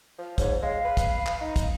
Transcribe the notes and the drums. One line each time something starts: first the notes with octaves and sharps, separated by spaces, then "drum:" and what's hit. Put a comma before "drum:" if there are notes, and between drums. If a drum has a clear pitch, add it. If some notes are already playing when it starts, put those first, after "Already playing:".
F3
G#2 C#5, drum: kick, hi-hat
G#3 F5
B4
drum: kick, hi-hat
drum: clap
D#4
drum: kick, hi-hat